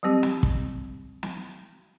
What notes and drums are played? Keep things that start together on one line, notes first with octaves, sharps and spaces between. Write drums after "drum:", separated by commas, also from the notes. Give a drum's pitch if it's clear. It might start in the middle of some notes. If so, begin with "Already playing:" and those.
F#3 G3 C4 G4
drum: snare
drum: kick
drum: snare